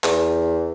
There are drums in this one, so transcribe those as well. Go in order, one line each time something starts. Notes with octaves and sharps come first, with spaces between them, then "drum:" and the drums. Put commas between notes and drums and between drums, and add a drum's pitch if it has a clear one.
E2, drum: clap